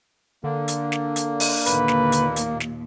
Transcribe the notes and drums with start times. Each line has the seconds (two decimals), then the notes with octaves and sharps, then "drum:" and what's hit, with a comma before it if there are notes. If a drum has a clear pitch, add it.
0.44 D3 A#3
0.68 drum: hi-hat
0.92 drum: snare
1.16 drum: hi-hat
1.40 drum: open hi-hat
1.66 D#2 A#2 B4, drum: hi-hat
1.88 drum: snare
2.12 drum: hi-hat
2.36 drum: hi-hat
2.60 drum: snare